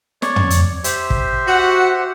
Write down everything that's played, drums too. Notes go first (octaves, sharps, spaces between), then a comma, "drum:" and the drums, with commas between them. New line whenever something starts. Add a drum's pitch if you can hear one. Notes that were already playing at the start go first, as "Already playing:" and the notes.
C#5 D5 C#6, drum: snare
drum: tom
drum: hi-hat
G4 C5 E5, drum: hi-hat
drum: kick
F#4 F#5